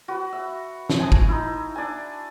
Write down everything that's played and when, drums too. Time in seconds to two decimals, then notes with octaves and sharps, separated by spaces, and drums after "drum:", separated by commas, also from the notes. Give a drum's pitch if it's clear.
0.08 F#4 B4
0.32 E5
0.90 drum: snare
1.00 G#5 A5 D#6
1.12 drum: kick G1
1.29 D#4 E4
1.75 D4 G#5